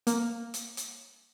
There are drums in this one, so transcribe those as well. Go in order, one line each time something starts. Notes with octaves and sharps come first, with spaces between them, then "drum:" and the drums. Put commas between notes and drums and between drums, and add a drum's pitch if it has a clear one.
A#3, drum: hi-hat
drum: hi-hat
drum: hi-hat